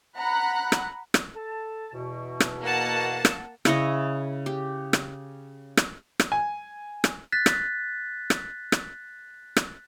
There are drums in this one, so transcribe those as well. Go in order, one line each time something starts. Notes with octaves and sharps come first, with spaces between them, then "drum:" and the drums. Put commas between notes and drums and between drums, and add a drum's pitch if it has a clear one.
F#5 A#5 B5 F#6
drum: rim click
drum: rim click
A4 A5
E2 B2
drum: rim click
A#3 F#5 A5
drum: rim click
C#3 E4 C#5 D#5, drum: rim click
G4
drum: rim click
drum: rim click
drum: rim click
G#5
drum: rim click
F#6 A6 B6
drum: rim click
drum: rim click
drum: rim click
drum: rim click